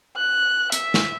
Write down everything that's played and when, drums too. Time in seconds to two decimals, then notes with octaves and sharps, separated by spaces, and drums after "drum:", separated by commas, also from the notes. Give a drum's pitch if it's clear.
0.17 F#6
0.72 E5, drum: hi-hat
0.94 drum: snare